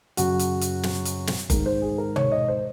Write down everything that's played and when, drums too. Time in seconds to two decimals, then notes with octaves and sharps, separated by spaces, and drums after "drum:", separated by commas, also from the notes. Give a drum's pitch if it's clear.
0.17 F#2 C#3 F#4, drum: hi-hat
0.39 drum: hi-hat
0.61 drum: hi-hat
0.83 drum: snare
1.05 drum: hi-hat
1.27 drum: snare
1.50 G#2 D#3 A#4, drum: kick F#1, hi-hat
1.66 C5
1.82 G#4
1.98 A#4
2.16 C#5, drum: tom
2.32 D#5
2.48 C5